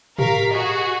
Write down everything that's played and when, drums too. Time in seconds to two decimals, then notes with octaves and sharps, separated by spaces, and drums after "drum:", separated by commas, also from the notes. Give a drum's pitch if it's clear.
0.19 G4 A#4 F5 B6, drum: tom G#2
0.51 F#4 G#4 D#5